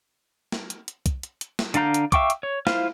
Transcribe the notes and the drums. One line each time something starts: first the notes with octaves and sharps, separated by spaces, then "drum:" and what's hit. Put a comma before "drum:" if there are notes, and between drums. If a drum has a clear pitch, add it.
drum: snare
drum: hi-hat
drum: hi-hat
drum: kick, hi-hat
drum: hi-hat
drum: hi-hat
drum: snare
D3 D4 F5 A#5 G6, drum: hi-hat
drum: hi-hat
E5 F5 G5 C#6 D6, drum: kick, hi-hat
drum: hi-hat
C#5
E4 F4 C5 F5, drum: snare